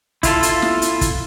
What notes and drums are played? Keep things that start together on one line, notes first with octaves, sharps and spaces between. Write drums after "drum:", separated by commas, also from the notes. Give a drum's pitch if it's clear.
E4 F4 A4, drum: kick, hi-hat
drum: hi-hat
drum: snare
drum: hi-hat
drum: kick, hi-hat